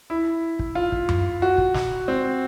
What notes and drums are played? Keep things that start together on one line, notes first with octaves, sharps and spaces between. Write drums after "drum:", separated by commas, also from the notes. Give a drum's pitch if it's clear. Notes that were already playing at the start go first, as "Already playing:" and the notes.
E4
drum: kick
F4
drum: kick
drum: tom F#2
F#4
drum: kick
drum: snare
C4